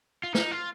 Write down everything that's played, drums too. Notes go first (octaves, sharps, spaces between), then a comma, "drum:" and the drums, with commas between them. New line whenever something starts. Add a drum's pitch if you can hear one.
F4
D#4, drum: snare
F4